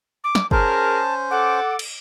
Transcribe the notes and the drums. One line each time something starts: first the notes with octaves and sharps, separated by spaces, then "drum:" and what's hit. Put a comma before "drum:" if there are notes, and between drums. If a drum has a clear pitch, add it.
D6
drum: snare
C#4 G#4 A#4 C5 A5, drum: kick F#1
A4 F#5 D6
drum: cymbal